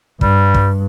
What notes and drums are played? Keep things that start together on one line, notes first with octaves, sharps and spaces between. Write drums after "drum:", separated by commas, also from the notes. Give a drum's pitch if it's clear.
G2 G3, drum: kick
drum: kick